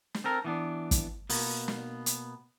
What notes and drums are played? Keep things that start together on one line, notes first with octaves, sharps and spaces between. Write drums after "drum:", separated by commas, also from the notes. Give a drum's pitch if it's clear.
drum: snare
C4 A4 A#4
E3 B3 D4
drum: kick, hi-hat
B2 A#3 B3, drum: open hi-hat
drum: snare
drum: hi-hat